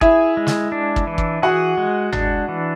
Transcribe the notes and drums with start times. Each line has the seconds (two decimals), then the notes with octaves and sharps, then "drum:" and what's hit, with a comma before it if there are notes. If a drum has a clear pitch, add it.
0.01 E4 G#4 E5, drum: kick
0.37 G#3
0.47 drum: snare
0.72 D4
0.96 drum: kick
1.07 E3
1.18 drum: kick
1.42 F#4 G#4 F#5
1.78 G#3
2.13 D4, drum: tom G1
2.48 E3